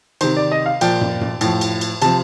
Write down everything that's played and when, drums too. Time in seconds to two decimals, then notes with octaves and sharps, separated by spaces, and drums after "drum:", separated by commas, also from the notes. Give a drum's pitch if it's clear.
0.21 C3 D#3 C5, drum: cymbal
0.37 D5
0.52 D#5
0.66 F5
0.81 A#2 F3 G5, drum: cymbal
1.01 drum: tom
1.21 drum: tom
1.41 A2 F3, drum: cymbal
1.61 drum: cymbal
1.81 drum: cymbal
2.02 C3 F3 A5, drum: cymbal